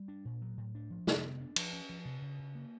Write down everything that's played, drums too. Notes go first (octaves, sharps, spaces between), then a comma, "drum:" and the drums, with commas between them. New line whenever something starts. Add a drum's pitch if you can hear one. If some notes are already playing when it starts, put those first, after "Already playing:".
Already playing: G3
D4
A#2
F#3
A2
D4
F3
C3, drum: snare
B3
D4
F3, drum: cymbal
C#4
F3
C3
C#3
C#3
A#3